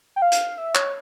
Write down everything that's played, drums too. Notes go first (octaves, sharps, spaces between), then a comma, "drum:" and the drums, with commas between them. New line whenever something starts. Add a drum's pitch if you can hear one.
G5
F5
drum: hi-hat
E5
C#5, drum: clap